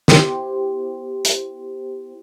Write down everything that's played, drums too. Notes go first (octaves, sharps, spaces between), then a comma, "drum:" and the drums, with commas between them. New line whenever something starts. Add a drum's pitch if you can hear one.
B3 E4 G4 C5, drum: snare
drum: hi-hat